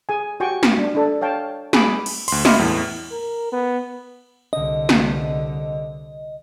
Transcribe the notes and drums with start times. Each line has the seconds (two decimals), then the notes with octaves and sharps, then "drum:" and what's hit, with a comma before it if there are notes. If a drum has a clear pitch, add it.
0.09 G#4 G#5
0.40 F#4 G4 G5 G#5 C#6
0.63 drum: snare
0.78 D4
0.95 D4 A4
1.21 C#5 F5 G5 A5
1.73 G#4 G#5 B5 D6 E6, drum: snare
2.06 drum: cymbal
2.28 D2 C6, drum: cymbal
2.45 D#5 E5 B5 C6 D6 F6, drum: snare
2.59 E2 A2
3.11 A#4
3.52 B3
4.53 C2 D3 D#5
4.89 drum: snare